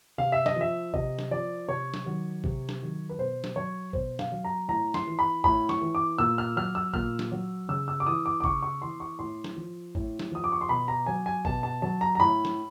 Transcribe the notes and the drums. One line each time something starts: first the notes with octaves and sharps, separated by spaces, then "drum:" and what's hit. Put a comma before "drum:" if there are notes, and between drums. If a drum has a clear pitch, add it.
C3 F5
E5
D#5, drum: snare
F3 E5
C3 D#5, drum: kick G#1
drum: snare
F3 D5
C3 C#5
drum: snare
D#3 F#3
C3, drum: kick G#1
drum: snare
D#3 F#3
B4
B2 C5
drum: snare
F#3 C#5
B2 C5, drum: kick G#1
F5, drum: snare
F#3
A#5
A2 A#5
C6, drum: snare
E3
B5
A2 B5, drum: kick G#1
C#6, drum: snare
E3
D6
A#2 E6
F6
F#3 F6
E6
A#2 F6, drum: kick G#1
drum: snare
F#3
C#3 E6
E6
D6
E3 D#6
D6
D6
C#3 C#6, drum: kick G#1
C#6
E3 C6
C#6
A2 C6
drum: snare
F3
A2, drum: kick G#1
drum: snare
F3 D#6
D6
C#6
C6
B2 B5
A#5
F#3 G#5
G#5
B2 A5, drum: kick G#1
A5
F#3 A5
A#5
A#5
A2 B5
drum: snare